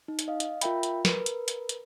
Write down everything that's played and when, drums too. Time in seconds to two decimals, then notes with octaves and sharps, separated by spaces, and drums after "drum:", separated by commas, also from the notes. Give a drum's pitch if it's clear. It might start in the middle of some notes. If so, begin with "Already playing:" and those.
0.08 D#4
0.19 drum: hi-hat
0.28 D#5 F5
0.40 drum: hi-hat
0.61 F4 A#4 E5 G5 B5, drum: hi-hat
0.83 drum: hi-hat
1.05 A#4 B4, drum: snare
1.26 drum: hi-hat
1.48 drum: hi-hat
1.69 drum: hi-hat